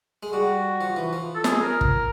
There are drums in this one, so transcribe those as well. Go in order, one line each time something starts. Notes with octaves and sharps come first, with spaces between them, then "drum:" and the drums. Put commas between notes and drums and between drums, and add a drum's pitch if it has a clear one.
G#3
G3 F#4
F3
E3
F3
A4
G#4, drum: snare
A#4
drum: kick